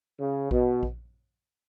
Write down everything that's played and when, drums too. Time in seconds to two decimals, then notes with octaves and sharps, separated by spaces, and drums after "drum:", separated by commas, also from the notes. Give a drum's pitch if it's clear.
0.19 C#3
0.51 B2, drum: kick A#1
0.83 drum: kick A#1